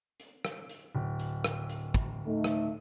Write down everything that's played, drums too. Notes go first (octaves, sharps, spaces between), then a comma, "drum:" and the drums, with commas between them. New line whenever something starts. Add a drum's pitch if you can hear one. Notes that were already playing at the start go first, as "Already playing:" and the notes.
drum: hi-hat
drum: rim click
drum: hi-hat
D1
drum: hi-hat
drum: rim click
drum: hi-hat
drum: kick, hi-hat
A3 D#4
drum: rim click